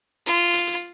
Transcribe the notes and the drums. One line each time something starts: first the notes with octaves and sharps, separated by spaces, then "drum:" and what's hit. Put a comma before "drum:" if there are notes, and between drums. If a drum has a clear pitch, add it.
F4, drum: hi-hat
drum: hi-hat
drum: hi-hat